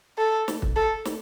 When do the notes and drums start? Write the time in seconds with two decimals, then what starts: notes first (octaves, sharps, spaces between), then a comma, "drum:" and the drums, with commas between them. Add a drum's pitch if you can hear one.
0.19 A4
0.48 drum: snare
0.62 drum: kick
0.76 A4
1.05 drum: snare